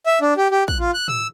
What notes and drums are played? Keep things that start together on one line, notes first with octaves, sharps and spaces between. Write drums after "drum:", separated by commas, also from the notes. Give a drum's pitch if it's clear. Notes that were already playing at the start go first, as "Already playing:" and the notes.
E5
D4
G4
G4
F#6, drum: kick
F4
F#6
E6, drum: tom